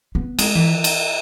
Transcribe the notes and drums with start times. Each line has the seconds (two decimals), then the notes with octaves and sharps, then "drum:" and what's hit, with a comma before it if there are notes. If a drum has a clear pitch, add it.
0.15 B3
0.39 G#3, drum: cymbal
0.55 E3
0.84 drum: cymbal